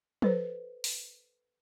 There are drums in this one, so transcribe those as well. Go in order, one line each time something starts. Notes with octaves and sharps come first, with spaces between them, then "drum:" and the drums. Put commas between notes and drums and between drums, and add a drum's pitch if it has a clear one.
A4 B4 C5, drum: tom F3
drum: open hi-hat